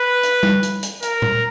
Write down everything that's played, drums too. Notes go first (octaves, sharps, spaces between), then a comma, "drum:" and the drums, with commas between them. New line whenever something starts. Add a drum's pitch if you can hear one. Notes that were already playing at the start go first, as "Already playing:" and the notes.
Already playing: B4
drum: hi-hat
drum: tom G3
drum: hi-hat
drum: hi-hat
A#4, drum: hi-hat
drum: tom A#2